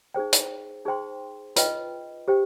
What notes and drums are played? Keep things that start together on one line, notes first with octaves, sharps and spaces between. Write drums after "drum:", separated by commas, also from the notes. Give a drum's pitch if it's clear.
D#4 G#4 C5 G5
drum: hi-hat
D#4 G#4 C5 G5 C6
F4 B4 D#5 G5, drum: hi-hat
G4 C5 G5